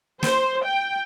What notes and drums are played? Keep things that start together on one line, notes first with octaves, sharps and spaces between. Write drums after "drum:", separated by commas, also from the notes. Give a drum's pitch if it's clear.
C5, drum: snare
G5